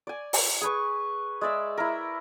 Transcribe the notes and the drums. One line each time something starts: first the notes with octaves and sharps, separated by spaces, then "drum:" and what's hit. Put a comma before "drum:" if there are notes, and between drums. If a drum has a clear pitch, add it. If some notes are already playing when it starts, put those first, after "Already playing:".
D5 G#5
drum: open hi-hat
G#4 B4 C#6
G#3 D5 E5
E4 A#4